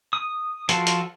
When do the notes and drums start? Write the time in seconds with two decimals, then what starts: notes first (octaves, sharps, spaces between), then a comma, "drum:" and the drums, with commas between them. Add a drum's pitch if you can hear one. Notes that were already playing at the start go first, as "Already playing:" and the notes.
0.13 D#6
0.69 F3 F4 F#4 A4, drum: hi-hat
0.87 drum: hi-hat